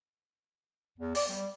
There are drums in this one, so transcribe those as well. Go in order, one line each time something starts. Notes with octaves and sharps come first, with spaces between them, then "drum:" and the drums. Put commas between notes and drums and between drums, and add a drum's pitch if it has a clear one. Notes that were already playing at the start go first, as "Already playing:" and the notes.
E2
D5, drum: open hi-hat
G3